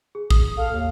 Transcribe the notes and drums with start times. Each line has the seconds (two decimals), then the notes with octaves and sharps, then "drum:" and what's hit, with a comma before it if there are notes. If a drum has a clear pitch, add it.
0.15 G#4
0.30 D#6, drum: kick
0.57 A4 F5
0.72 D#2